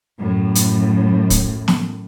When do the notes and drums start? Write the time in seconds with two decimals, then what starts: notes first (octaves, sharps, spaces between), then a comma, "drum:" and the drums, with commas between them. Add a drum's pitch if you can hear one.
0.18 F#2 A2
0.55 drum: hi-hat
1.30 drum: kick, hi-hat
1.68 drum: snare